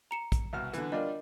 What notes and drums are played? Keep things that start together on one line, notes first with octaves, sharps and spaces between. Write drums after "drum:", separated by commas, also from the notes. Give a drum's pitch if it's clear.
A#5 C#7 E7
drum: kick, hi-hat
C2 B2 F6
D3 E3, drum: hi-hat
G3 D4 F4 A#4 D#5